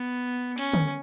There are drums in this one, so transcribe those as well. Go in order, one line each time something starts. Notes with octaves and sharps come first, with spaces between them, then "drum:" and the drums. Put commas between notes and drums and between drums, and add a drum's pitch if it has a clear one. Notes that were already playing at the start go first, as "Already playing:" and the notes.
Already playing: B3
C#4, drum: open hi-hat
drum: tom D3